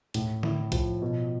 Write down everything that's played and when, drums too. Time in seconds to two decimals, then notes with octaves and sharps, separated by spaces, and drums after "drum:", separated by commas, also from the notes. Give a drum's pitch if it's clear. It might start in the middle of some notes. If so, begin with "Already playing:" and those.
0.14 A2, drum: hi-hat
0.43 E4, drum: tom D3
0.72 F3, drum: kick, hi-hat
1.02 B2